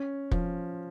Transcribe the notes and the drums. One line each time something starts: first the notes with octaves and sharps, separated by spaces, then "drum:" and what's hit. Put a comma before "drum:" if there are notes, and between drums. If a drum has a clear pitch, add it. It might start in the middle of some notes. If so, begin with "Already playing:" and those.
Already playing: C#4
F3, drum: kick